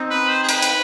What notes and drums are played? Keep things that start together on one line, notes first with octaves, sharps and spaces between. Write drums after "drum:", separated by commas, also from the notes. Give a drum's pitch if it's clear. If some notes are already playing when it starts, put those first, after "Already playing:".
Already playing: C4 D#4
B4
C5
G#4
B4, drum: hi-hat
drum: hi-hat